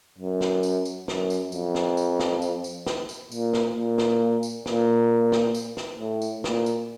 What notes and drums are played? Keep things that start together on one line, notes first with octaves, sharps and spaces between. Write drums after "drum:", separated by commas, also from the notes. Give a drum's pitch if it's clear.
F#2
drum: snare
drum: tambourine
drum: tambourine
F#2, drum: snare
drum: tambourine
F2, drum: tambourine
drum: snare
drum: tambourine
drum: snare
drum: tambourine
drum: tambourine
drum: snare
drum: tambourine
A#2, drum: tambourine
drum: snare
A#2
drum: snare
drum: tambourine
A#2, drum: snare
drum: snare
drum: tambourine
drum: snare
A2
drum: tambourine
A#2, drum: snare
drum: tambourine